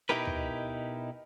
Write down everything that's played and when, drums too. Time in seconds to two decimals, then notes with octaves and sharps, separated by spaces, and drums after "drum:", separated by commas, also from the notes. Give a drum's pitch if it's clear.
0.09 B2 D#4 E4 G4 A#4 B4, drum: rim click
0.25 drum: tom